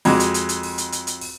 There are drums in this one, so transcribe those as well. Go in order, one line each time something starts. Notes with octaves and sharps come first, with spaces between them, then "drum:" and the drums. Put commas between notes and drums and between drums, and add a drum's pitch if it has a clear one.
F2 G#3 F#4 D6, drum: open hi-hat
drum: hi-hat
drum: hi-hat
drum: hi-hat
drum: open hi-hat
drum: hi-hat
drum: hi-hat
drum: hi-hat
drum: open hi-hat